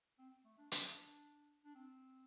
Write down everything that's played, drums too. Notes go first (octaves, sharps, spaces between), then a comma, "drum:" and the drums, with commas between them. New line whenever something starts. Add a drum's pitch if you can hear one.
C4
A3
D4
D4, drum: hi-hat
D4
C4